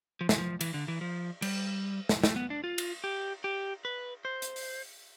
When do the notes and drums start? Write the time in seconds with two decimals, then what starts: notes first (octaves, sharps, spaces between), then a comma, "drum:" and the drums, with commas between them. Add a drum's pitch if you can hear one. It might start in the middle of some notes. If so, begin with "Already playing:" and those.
0.21 F3
0.29 E3, drum: snare
0.38 F3
0.61 E3, drum: cymbal
0.74 D3
0.88 E3
1.01 F3
1.42 G3, drum: cymbal
2.09 drum: snare
2.24 A3, drum: snare
2.36 B3
2.50 D4
2.64 F4
2.78 drum: cymbal
3.04 G4
3.44 G4
3.85 B4
4.25 C5
4.42 drum: hi-hat
4.56 drum: open hi-hat